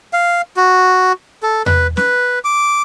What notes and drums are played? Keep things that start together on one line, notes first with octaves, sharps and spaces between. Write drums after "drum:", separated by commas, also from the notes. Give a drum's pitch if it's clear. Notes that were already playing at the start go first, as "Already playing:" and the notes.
F5
F#4
A4
B4, drum: tom E2
B4, drum: snare
D6